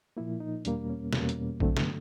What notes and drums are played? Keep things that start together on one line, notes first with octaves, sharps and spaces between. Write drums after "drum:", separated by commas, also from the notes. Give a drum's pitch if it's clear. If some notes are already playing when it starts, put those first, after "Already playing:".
A#2 F3 A#3 E4
D#4
E2 B2 G3 A#3 D4, drum: hi-hat
C#4
E2 B2 G3 A#3 C#4, drum: snare
drum: hi-hat
G2 D3 F#3 A3 C4, drum: kick A#1
B3, drum: snare